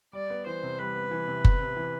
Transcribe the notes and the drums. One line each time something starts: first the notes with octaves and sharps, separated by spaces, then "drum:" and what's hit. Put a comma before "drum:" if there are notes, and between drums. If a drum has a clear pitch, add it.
G3 D5
B3
E3 C5
C3
G3 B4
B3
E3
C3
B3, drum: kick F#1
C3
E3